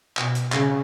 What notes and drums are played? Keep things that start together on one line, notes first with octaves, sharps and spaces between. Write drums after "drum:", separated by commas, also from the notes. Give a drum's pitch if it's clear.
B2, drum: clap
drum: hi-hat
C#3, drum: clap